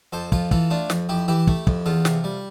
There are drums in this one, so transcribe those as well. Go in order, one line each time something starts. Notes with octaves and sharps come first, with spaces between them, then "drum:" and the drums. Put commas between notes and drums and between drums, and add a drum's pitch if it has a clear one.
F2 A4 C5
F2 F4 A4, drum: kick
E3 F4 A4, drum: kick
A3 D4 F4
F2, drum: snare
F2 E4 G4
E3 E4 G4
A3, drum: kick
F2, drum: kick
E2 F4 A4
C3, drum: snare
G3